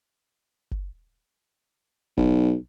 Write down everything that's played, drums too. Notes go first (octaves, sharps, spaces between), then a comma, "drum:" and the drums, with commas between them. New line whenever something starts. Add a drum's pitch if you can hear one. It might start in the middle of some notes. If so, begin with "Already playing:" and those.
drum: kick F#1
B1, drum: kick F#1